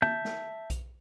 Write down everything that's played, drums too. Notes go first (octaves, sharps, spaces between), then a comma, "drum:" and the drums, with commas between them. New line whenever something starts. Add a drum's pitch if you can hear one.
E5 A5 G6, drum: tom
drum: snare
drum: kick B1, hi-hat